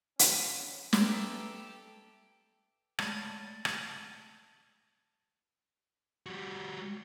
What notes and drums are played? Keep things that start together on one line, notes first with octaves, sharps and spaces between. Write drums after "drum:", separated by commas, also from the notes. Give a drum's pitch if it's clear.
C#4, drum: hi-hat
G4 A4 B4 E5 A#5, drum: snare
G#3 A3 A5 A6, drum: rim click
drum: rim click
G3 F#4